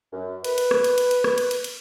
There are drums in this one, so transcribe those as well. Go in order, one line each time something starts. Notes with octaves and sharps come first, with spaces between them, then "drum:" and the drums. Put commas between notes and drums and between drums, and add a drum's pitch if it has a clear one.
F#2
B4, drum: cymbal
drum: cymbal
drum: rim click
drum: cymbal
drum: cymbal
drum: cymbal
drum: rim click
drum: cymbal
drum: cymbal
drum: cymbal